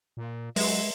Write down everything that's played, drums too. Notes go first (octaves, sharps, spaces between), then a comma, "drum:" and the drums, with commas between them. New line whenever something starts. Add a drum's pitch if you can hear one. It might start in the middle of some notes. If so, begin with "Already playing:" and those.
A#2
F#3 G#3 E5 C6, drum: open hi-hat